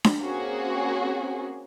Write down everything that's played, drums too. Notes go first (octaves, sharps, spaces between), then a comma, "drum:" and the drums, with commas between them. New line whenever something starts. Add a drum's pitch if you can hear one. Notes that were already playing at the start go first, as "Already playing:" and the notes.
drum: snare D4
A#3 C4 C#4 F#4 G#4